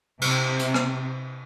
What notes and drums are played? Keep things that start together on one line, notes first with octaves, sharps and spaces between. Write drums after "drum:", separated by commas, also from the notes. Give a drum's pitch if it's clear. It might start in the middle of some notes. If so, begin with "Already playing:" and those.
C3, drum: cymbal
drum: hi-hat
drum: rim click